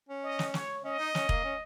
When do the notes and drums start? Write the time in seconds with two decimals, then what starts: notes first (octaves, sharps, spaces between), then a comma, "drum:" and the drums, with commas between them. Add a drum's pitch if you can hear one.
0.09 C#4
0.24 D#5
0.39 drum: snare
0.54 C#5, drum: snare
0.84 C#4 D#5
0.99 D#4
1.15 C#4, drum: snare
1.29 A#3, drum: kick E1
1.44 C#4